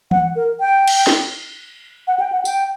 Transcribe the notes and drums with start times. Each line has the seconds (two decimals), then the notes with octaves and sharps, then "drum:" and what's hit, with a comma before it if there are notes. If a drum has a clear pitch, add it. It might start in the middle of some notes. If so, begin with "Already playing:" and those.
0.11 F#5, drum: tom E3
0.36 A#4
0.60 G5
0.88 drum: cymbal
1.07 drum: snare
2.07 F#5
2.20 G5
2.32 F#5
2.45 G5, drum: tambourine